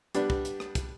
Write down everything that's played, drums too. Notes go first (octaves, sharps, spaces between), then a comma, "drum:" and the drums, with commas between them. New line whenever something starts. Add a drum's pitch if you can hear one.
G3 B3 D4, drum: hi-hat
drum: kick
drum: hi-hat
drum: rim click
drum: kick, hi-hat